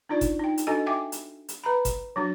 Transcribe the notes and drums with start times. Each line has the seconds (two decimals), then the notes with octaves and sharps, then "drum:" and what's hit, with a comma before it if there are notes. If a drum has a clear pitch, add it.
0.09 D4 D#4 F4 D5
0.21 drum: kick G1, hi-hat
0.39 D#4 G5
0.58 drum: hi-hat
0.67 D4 F#4 A4 D#5 G#5
0.86 E5 G5 G#5 D6
1.12 drum: hi-hat
1.48 drum: hi-hat
1.64 B4 A#5 B5
1.85 drum: kick G1, hi-hat
2.16 F#3 D4 F#4